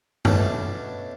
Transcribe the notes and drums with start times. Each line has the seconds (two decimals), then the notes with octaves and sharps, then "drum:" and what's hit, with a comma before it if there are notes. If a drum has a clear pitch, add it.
0.25 B2 A3 C#4 D4, drum: tom F#2